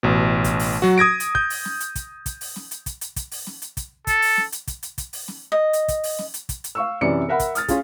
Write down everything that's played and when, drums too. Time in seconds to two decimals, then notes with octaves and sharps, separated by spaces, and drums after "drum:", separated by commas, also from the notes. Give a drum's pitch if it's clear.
0.03 A1 B2
0.44 drum: kick, hi-hat
0.59 drum: open hi-hat
0.82 F#3 F#4
0.98 D#6 G#6 A#6 D7
1.20 drum: hi-hat
1.35 G6, drum: kick
1.50 drum: open hi-hat
1.65 drum: snare
1.80 drum: hi-hat
1.95 drum: kick, hi-hat
2.26 drum: kick, hi-hat
2.41 drum: open hi-hat
2.56 drum: snare
2.71 drum: hi-hat
2.86 drum: kick, hi-hat
3.01 drum: hi-hat
3.16 drum: kick, hi-hat
3.31 drum: open hi-hat
3.47 drum: snare
3.62 drum: hi-hat
3.77 drum: kick, hi-hat
4.07 A4, drum: kick, hi-hat
4.22 drum: open hi-hat
4.37 drum: snare
4.52 drum: hi-hat
4.67 drum: kick, hi-hat
4.83 drum: hi-hat
4.98 drum: kick, hi-hat
5.13 drum: open hi-hat
5.28 drum: snare
5.52 D#5
5.73 drum: hi-hat
5.88 drum: kick, hi-hat
6.04 drum: open hi-hat
6.19 drum: snare
6.34 drum: hi-hat
6.49 drum: kick, hi-hat
6.64 drum: hi-hat
6.75 F5 C#6 E6
7.01 F#2 C3 E3 D5 C#7
7.29 A#4 E5 F#5 B5
7.40 drum: kick, hi-hat
7.55 D#6 F6 A6, drum: hi-hat
7.68 C#4 F4 G#4, drum: kick, hi-hat